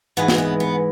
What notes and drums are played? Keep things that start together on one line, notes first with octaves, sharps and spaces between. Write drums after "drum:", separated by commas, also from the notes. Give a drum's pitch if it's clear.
G#2 E3 G#3 B3
drum: snare
B3
B3